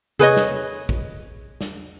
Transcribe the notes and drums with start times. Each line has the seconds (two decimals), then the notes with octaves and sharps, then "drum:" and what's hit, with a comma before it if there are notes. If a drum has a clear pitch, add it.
0.19 G#4 B4 C#5 D#5, drum: tom C3
0.37 drum: snare
0.89 drum: kick
1.61 drum: snare